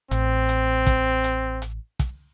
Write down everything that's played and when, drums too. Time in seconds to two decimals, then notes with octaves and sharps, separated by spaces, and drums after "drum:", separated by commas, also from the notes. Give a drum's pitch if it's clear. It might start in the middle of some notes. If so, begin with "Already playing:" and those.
0.11 A1 C4, drum: hi-hat
0.49 drum: hi-hat
0.87 drum: kick, hi-hat
1.24 drum: hi-hat
1.62 drum: hi-hat
1.99 drum: kick, hi-hat